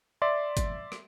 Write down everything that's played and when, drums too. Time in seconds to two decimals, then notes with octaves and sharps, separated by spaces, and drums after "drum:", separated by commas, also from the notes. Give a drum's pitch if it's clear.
0.22 D5 E5 C6
0.57 drum: kick G1, hi-hat
0.92 drum: rim click